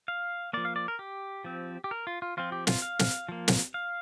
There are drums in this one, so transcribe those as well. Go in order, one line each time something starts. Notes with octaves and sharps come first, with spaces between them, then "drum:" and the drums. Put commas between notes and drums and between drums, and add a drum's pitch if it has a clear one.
F5
F3 A#3 D5
F5
D5
A#4
G4
F3 C4
G4
A#4
F4
F4
F3 C4 F4
G4
F4, drum: snare
F5
drum: snare
F3 A#3
drum: snare
F5